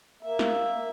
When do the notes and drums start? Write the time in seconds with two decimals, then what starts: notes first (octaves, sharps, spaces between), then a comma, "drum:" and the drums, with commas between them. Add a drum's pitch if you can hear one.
0.23 A#3 E5
0.39 drum: snare